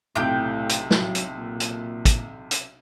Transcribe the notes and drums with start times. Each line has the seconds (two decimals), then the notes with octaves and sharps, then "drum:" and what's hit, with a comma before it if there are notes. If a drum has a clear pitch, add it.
0.16 B1 A2 C3 G4 G5 G6
0.69 drum: hi-hat
0.91 F#3, drum: snare
1.15 drum: hi-hat
1.37 A#2
1.60 drum: hi-hat
2.05 drum: kick, hi-hat
2.51 drum: hi-hat